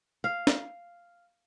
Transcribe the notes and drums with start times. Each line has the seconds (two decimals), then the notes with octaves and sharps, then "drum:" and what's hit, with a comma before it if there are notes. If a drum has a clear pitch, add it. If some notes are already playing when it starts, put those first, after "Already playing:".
0.24 F5
0.47 drum: snare